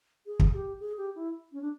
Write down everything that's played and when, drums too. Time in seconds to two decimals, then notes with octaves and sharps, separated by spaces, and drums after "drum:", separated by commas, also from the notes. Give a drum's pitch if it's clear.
0.26 G#4
0.40 drum: kick
0.54 G4
0.80 G#4
0.97 G4
1.15 E4
1.52 C#4
1.62 D4